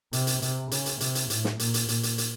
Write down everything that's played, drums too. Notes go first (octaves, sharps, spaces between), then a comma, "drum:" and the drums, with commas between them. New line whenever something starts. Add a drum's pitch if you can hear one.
C3, drum: hi-hat
drum: hi-hat
C3, drum: hi-hat
C#3, drum: hi-hat
drum: hi-hat
C3, drum: hi-hat
drum: hi-hat
A2, drum: hi-hat
drum: snare
A#2, drum: hi-hat
drum: hi-hat
A#2, drum: hi-hat
drum: hi-hat
drum: hi-hat